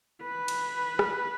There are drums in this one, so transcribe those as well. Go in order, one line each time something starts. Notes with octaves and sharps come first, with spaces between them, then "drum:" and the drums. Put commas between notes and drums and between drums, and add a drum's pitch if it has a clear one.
B4
drum: cymbal
drum: rim click